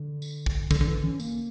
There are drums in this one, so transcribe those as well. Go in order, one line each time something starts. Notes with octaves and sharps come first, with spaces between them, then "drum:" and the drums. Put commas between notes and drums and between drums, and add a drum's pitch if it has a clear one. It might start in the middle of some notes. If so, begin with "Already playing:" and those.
Already playing: D3
drum: tambourine
drum: kick
D3, drum: kick, tambourine
D3
E3
C#4
A#3, drum: tambourine